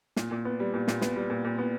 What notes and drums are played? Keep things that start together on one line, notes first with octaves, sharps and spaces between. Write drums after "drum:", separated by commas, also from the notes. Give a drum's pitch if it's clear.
A#2, drum: snare
A#2
B3
G3
A#2
A#2, drum: snare
B3, drum: snare
G3
A#2
A#2
B3